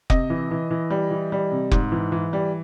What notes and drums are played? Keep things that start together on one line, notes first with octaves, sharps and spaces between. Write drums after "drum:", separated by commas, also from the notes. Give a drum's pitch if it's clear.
C3 D#5, drum: kick F1
E3
E3
E3
G3
E3
G3
C3
G#2, drum: kick F1
E3
E3
G3